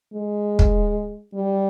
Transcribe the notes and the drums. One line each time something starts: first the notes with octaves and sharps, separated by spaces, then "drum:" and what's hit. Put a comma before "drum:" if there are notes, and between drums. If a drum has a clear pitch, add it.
G#3
drum: kick
G3